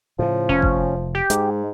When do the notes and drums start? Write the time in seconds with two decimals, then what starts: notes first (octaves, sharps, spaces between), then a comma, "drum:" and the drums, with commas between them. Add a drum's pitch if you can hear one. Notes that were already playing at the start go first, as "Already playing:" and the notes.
0.19 A2 C#3 F3
0.49 F1 C#4
0.62 drum: kick G1
1.15 G4
1.30 G#2 G#3, drum: hi-hat